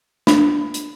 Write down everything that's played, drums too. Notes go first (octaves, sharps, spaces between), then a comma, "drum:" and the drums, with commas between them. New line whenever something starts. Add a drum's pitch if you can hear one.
D4, drum: snare
drum: hi-hat